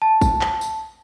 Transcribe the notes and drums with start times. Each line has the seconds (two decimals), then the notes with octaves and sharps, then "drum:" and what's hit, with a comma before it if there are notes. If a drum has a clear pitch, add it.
0.02 A5
0.21 drum: kick, tambourine
0.41 drum: clap
0.61 drum: tambourine